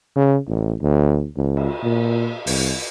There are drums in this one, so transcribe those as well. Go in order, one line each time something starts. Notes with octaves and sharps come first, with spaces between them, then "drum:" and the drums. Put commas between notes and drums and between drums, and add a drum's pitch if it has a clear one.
C#3
A1
D2
C#2
drum: cymbal
A#2
C2, drum: open hi-hat